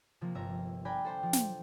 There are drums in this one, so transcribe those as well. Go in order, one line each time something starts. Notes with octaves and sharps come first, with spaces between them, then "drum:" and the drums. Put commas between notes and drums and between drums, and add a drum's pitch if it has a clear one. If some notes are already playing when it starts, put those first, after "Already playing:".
C3 F3 A#3
G1 E5 A#5
D4 D5 G5 G#5 A#5 B5
A4 C5 G5
F3
drum: snare